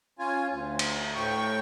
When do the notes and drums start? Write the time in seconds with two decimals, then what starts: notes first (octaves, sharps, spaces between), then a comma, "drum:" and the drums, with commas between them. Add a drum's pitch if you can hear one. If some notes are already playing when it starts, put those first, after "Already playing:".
0.19 C#4 F4 G#5
0.50 D2
0.79 drum: cymbal
1.15 A2 G5 C#6